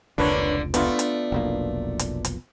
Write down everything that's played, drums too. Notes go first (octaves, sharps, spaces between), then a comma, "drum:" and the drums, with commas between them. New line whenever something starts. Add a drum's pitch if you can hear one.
F1 C#2 D3 A#3 D4 B4 C#5
A3 B3 D4 F4, drum: hi-hat
drum: hi-hat
F1 B1 A#3
drum: hi-hat
drum: hi-hat